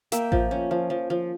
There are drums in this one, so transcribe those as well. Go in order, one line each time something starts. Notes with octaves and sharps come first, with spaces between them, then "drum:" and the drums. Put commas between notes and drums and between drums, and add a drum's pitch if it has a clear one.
A#3 E5 G5, drum: hi-hat
F3, drum: kick A1
C#4
F3
F3
F3